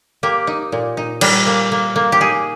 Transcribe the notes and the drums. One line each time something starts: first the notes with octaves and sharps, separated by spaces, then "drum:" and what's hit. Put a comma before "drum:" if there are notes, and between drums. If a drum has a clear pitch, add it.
A#3 G4
D#4
A#2
D#4
G3 A#4, drum: cymbal
A#3
A#3
A#3
G4
D#4 G#4